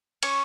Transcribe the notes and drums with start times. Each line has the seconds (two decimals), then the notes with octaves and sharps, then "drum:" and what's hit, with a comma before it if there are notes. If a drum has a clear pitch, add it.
0.23 C#4 C#6, drum: cymbal